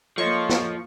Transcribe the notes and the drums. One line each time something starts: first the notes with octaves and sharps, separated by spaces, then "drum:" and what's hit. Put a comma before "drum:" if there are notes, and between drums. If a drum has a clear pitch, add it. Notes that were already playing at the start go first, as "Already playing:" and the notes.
F3 A#3 F4 A4 C#5 D#5 C#6
drum: snare